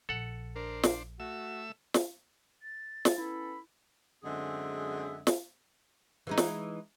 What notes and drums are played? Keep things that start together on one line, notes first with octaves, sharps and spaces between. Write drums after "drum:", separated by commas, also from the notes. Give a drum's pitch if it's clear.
A#1 A#2 A4 F#5
D4 A#4 C5
drum: snare
A3 F#4 E5 E6
drum: snare
A6
drum: snare
B3 C#4 E4 A4 B5
F#2 D3 G#3 C4 G#4 E5
drum: snare
E3 G#3 D#4
drum: snare